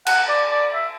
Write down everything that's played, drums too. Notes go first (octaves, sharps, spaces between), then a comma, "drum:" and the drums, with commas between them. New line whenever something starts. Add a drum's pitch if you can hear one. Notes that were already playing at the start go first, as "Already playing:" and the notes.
F#5, drum: cymbal
D5
D5
E5